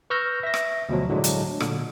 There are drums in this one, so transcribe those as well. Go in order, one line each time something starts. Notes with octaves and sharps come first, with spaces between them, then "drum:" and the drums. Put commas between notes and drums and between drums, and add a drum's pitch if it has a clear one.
B4 C#6 E6 F6 G6 A#6
E5 A#6
drum: rim click
D2 B2 F3 F#3
A2 D3 F#3 G#3 D4
drum: hi-hat
A#2 D3, drum: rim click